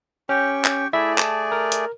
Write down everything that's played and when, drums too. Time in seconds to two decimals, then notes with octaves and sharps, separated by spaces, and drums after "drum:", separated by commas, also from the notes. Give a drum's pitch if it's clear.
0.29 C#4 G4 G5 C#6
0.65 drum: clap
0.93 A3 E4 G#4 D5 E5
1.18 A5, drum: clap
1.52 A#4
1.72 drum: hi-hat